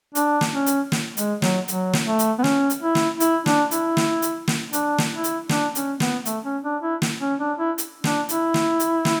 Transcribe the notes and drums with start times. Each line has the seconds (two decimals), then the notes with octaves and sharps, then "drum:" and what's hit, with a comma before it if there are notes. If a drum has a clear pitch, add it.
0.15 D4, drum: hi-hat
0.41 drum: snare
0.54 C#4
0.66 drum: hi-hat
0.92 drum: snare
1.17 G#3, drum: hi-hat
1.42 F#3, drum: snare
1.68 F#3, drum: hi-hat
1.93 drum: snare
2.06 A3
2.19 drum: hi-hat
2.39 B3
2.44 C#4, drum: snare
2.70 drum: hi-hat
2.83 E4
2.95 drum: snare
3.20 E4, drum: hi-hat
3.46 D4, drum: snare
3.71 E4, drum: hi-hat
3.97 drum: snare
4.22 drum: hi-hat
4.48 drum: snare
4.73 D4, drum: hi-hat
4.98 drum: snare
5.12 E4
5.24 drum: hi-hat
5.49 D4, drum: snare
5.75 C#4, drum: hi-hat
6.00 B3, drum: snare
6.25 A3, drum: hi-hat
6.44 C#4
6.64 D4
6.83 E4
7.02 drum: snare
7.21 C#4
7.40 D4
7.59 E4
7.78 drum: hi-hat
8.04 D4, drum: snare
8.29 E4, drum: hi-hat
8.54 drum: snare
8.80 drum: hi-hat
9.05 drum: snare